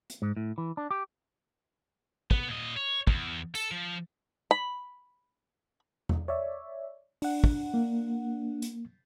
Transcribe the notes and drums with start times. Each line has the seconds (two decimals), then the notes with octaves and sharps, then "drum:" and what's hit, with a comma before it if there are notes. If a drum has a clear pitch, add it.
0.10 drum: hi-hat
0.22 G#2
0.37 A2
0.58 E3
0.77 D4
0.91 G4
2.31 B3, drum: kick
2.48 A#2 D#5
2.77 C#5
3.07 E2, drum: kick
3.55 A4, drum: tambourine
3.71 F3
4.51 B5
6.09 drum: tom E2
6.28 C#5 D5 E5
7.22 D4 F#5, drum: open hi-hat
7.44 drum: kick
7.74 A#3
8.62 drum: hi-hat